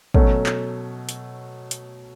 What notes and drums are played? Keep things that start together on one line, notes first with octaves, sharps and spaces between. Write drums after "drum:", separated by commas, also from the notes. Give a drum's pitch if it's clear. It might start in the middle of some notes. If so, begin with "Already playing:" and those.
B2 F#3 A3 C#4, drum: kick
drum: clap
drum: hi-hat
drum: hi-hat